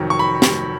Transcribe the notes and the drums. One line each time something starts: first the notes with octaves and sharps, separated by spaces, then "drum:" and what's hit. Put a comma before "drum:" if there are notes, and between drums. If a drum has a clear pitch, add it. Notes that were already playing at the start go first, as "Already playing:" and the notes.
Already playing: F1 F2 D#3 F#3
C#6
B5
drum: snare